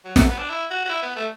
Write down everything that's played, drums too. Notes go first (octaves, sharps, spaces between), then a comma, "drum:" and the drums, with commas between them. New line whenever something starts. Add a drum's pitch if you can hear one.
F#3
A3, drum: snare
B3
D4
E4
F#4
F#4
E4
B3
A3